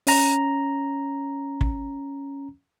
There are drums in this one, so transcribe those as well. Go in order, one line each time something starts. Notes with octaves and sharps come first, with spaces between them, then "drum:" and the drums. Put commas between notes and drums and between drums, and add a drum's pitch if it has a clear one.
C#4 A#5, drum: open hi-hat
drum: kick